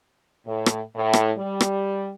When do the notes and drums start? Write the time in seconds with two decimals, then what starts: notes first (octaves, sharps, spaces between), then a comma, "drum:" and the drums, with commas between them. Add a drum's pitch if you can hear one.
0.46 A2
0.66 drum: rim click
0.95 A2
1.13 drum: rim click
1.37 G3
1.61 drum: rim click